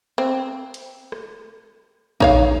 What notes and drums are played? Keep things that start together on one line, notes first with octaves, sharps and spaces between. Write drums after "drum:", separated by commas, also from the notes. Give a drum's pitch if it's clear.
C4
drum: hi-hat
drum: rim click
D#4 C#5 F5, drum: kick A#1